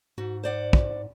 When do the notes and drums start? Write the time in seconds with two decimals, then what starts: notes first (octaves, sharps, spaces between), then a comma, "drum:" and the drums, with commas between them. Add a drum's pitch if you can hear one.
0.18 G#2 F#4
0.43 C5 D5 F#5
0.73 drum: kick